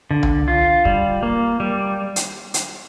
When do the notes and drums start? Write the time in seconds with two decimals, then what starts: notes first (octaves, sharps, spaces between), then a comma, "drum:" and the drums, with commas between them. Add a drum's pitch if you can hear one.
0.11 D3
0.23 drum: tom C2
0.48 F4
0.85 G3, drum: kick
1.23 A#3
1.60 G3
2.16 drum: hi-hat
2.54 drum: hi-hat